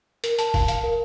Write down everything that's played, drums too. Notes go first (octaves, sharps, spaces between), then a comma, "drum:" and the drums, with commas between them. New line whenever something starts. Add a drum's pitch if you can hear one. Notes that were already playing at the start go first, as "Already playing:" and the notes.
A#4, drum: hi-hat
A5, drum: hi-hat
F5, drum: kick, open hi-hat
F5, drum: hi-hat
A#4